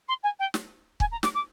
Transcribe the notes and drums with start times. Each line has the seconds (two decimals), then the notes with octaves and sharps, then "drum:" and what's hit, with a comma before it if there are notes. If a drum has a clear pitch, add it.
0.08 C6
0.23 G#5
0.39 G5
0.54 drum: snare
1.00 G#5, drum: kick
1.11 A#5
1.23 D6, drum: snare
1.34 D6